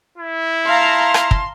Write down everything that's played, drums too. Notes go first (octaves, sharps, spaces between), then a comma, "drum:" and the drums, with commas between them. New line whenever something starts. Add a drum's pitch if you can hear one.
E4
F5 A5 A#5 C6
drum: rim click
drum: kick